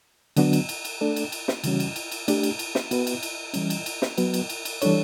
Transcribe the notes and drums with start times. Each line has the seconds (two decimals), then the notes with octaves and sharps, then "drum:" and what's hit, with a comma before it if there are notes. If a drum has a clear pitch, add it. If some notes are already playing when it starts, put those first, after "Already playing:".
0.36 D3 F#3 B3 D4 F#4, drum: cymbal
0.53 drum: cymbal
0.69 drum: cymbal
0.85 drum: cymbal
1.01 A3 D4 A4 D5
1.16 drum: cymbal
1.32 drum: cymbal
1.48 drum: snare
1.64 C#3 E3 G3 C#4 F#4, drum: cymbal
1.80 drum: cymbal
1.96 drum: cymbal
2.12 drum: cymbal
2.28 A3 D4 G4, drum: cymbal
2.43 drum: cymbal
2.59 drum: cymbal
2.75 drum: snare
2.91 B3 F#4 B4, drum: cymbal
3.07 drum: cymbal
3.23 drum: cymbal
3.54 E3 G3 C#4, drum: cymbal
3.70 drum: cymbal
3.86 drum: cymbal
4.02 drum: snare
4.17 F#3 B3 F#4 B4, drum: cymbal
4.34 drum: cymbal
4.49 drum: cymbal
4.65 drum: cymbal
4.82 E3 G3 D4 A4 C#5, drum: cymbal